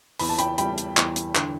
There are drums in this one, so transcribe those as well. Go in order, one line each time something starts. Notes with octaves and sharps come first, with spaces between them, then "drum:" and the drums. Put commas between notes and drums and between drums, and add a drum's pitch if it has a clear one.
E2 B5, drum: open hi-hat
A5
G5 B5, drum: hi-hat
G3 G5 B5, drum: hi-hat
drum: hi-hat
E2, drum: clap
drum: hi-hat
D3, drum: clap